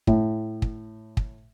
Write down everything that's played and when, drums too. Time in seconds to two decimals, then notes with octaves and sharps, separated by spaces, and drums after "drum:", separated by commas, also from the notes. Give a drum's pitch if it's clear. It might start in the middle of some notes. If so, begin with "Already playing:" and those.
0.07 A2, drum: kick
0.62 drum: kick
1.17 drum: kick